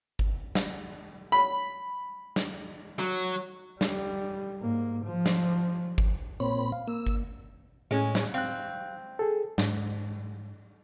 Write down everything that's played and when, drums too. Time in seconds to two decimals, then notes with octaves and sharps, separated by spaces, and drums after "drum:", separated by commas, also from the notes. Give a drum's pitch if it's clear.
0.19 drum: kick G1
0.55 drum: snare
1.32 B5
2.36 drum: snare
2.99 F#3
3.81 G3, drum: snare
4.61 G#2 A#3
5.05 F3
5.26 drum: snare
5.98 drum: kick G1
6.40 A#2 C4 C#5 B5
6.72 F5
6.88 A#3 E6
7.07 drum: kick G1
7.91 A2 G#3 C#4
8.15 drum: snare
8.34 C4 F5 F#6
9.19 G#4 A4
9.58 G#2, drum: snare